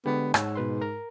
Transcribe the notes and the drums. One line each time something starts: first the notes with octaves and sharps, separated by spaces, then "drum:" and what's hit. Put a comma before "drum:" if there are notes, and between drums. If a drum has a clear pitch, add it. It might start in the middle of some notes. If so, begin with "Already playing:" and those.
D3 G#3 B3 G4
G#2 C#5 F#5 E6, drum: rim click
B2 B4 C6
A#4 A#5